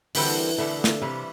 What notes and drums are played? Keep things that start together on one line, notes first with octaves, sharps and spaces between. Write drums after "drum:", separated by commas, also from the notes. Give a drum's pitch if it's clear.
D3 E3 G3 C4 F#4 A4, drum: open hi-hat
E2 B2 D3 A3
drum: snare
G2 C3 E3 G3